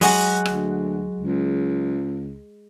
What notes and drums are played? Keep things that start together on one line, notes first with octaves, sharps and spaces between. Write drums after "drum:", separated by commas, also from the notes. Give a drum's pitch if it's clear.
F#3 G#3 F#4 F#5, drum: open hi-hat
D2, drum: rim click
C#2